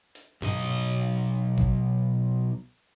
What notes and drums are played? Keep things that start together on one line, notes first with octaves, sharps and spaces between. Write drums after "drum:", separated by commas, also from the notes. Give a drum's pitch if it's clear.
drum: hi-hat
B1 D#5, drum: tom
drum: kick